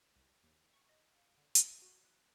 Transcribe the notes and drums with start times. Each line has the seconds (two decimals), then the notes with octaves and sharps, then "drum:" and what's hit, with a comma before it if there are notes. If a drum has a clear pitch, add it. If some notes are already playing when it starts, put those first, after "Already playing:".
0.16 C2
0.43 D#2
0.74 C#6
0.89 D#5
1.12 F5
1.38 D3
1.55 A6, drum: hi-hat
1.82 F#4
2.05 F#6